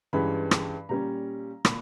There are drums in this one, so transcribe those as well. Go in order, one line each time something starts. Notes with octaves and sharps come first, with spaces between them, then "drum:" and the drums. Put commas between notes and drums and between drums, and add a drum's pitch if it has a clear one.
G2 E3 G#3 C#4 B5
drum: rim click
A#2 G3 C#4 A#5
A#2 B5, drum: rim click